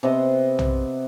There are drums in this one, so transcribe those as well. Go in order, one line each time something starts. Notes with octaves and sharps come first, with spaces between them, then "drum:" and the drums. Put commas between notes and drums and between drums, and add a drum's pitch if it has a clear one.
C3 B3 D#5 C6
drum: tom B1